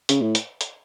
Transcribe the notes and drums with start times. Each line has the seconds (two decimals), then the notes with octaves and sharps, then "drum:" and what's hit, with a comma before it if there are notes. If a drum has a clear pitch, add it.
0.09 C#3, drum: hi-hat
0.21 A2
0.35 drum: hi-hat
0.61 drum: hi-hat